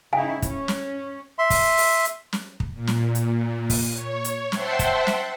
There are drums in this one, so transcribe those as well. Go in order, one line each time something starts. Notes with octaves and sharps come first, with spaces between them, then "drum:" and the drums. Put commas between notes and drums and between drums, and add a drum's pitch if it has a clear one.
C#3 D#4 E4 F5 G5 G#5
C#4, drum: kick, hi-hat
drum: snare
E5 C6
drum: kick, open hi-hat
drum: open hi-hat
drum: hi-hat
drum: snare
drum: kick
A#2
drum: snare
drum: hi-hat
drum: kick, open hi-hat
C#5
drum: hi-hat
C5 E5 F#5 G5 A5 C6, drum: snare
drum: kick, hi-hat
drum: snare